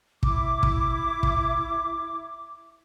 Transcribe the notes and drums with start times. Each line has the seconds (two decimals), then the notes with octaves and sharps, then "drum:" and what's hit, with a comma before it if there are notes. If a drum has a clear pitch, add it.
0.23 E4 D6, drum: kick
0.63 drum: kick
1.23 drum: kick